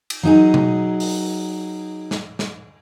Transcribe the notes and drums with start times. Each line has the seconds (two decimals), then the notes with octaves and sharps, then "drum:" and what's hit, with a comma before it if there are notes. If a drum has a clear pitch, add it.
0.10 drum: cymbal
0.23 F#3 D#4 G#4
0.54 drum: tom B2
1.00 drum: open hi-hat
2.11 drum: snare
2.39 drum: snare